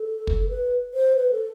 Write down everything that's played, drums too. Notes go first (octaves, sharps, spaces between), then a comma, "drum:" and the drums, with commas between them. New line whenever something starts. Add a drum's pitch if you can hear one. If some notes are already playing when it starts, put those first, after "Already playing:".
Already playing: A4
drum: kick
B4
C5
B4
A4